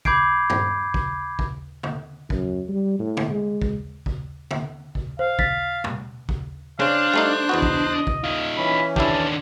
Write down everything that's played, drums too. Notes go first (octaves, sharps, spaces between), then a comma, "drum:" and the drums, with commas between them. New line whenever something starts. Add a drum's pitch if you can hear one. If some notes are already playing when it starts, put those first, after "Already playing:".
B5 D6 G6 G#6 C7 D7, drum: kick A#1
drum: tom G2
drum: kick A#1
drum: kick A#1
drum: tom
F#2, drum: kick A#1
G3
A2
drum: tom
G#3
drum: kick A#1
drum: kick A#1
drum: tom
drum: kick A#1
C5 F5
A6 B6, drum: kick A#1
drum: tom B2
drum: kick A#1
C#3 C#4 D4 C5 F5 F#6
G3 A3 D#4
E2 B3 F#4 D#5
drum: kick A#1
drum: kick A#1
D#4 F4 F5
E3 C#4 B5
D#3 D4 E4 G4 A5, drum: kick A#1